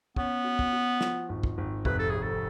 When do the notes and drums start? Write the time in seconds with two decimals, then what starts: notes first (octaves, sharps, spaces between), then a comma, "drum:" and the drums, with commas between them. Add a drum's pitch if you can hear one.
0.16 B3 C#4, drum: kick
0.44 F#4
0.59 drum: kick
0.73 F#4
1.01 F3, drum: snare
1.29 G#1
1.43 drum: kick
1.58 G#1
1.85 F1 B4, drum: kick
1.99 A4
2.10 F1 G#4
2.22 A4